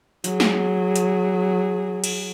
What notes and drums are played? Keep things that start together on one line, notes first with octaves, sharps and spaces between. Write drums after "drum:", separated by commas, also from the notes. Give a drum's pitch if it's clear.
F#3 G#4, drum: hi-hat
drum: snare
drum: hi-hat
drum: cymbal